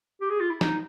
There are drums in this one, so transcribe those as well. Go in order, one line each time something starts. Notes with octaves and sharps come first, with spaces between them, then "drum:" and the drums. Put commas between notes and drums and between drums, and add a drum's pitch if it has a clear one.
G4
G#4
F4
E4
D#4, drum: snare